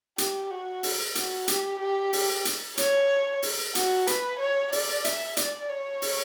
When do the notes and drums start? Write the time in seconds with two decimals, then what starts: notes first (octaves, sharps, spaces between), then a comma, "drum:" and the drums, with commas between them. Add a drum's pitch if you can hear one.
0.18 G4, drum: hi-hat
0.51 F#4
0.83 drum: open hi-hat
1.15 F#4, drum: hi-hat
1.48 G4, drum: hi-hat
1.80 G4
2.13 drum: open hi-hat
2.45 drum: hi-hat
2.77 C#5, drum: hi-hat
3.42 drum: open hi-hat
3.75 F#4, drum: hi-hat
4.07 B4, drum: hi-hat
4.39 C#5
4.72 D5, drum: open hi-hat
5.05 E5, drum: hi-hat
5.37 D5, drum: hi-hat
5.69 C#5
6.02 drum: open hi-hat